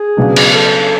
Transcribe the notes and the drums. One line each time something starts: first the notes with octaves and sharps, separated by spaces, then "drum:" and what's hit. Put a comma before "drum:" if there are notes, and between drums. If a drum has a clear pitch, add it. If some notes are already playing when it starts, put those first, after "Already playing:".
Already playing: G#4
C#3 F#3 B3 D4
drum: cymbal
A4